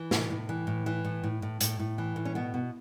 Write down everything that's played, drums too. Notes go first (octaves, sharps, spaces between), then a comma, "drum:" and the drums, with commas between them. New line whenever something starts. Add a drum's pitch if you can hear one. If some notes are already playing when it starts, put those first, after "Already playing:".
Already playing: E3
A2, drum: snare
A2
E3
A2
E3
A2
A2
A2
A2, drum: hi-hat
A2
E3
A2
C#4
B2 B3
B2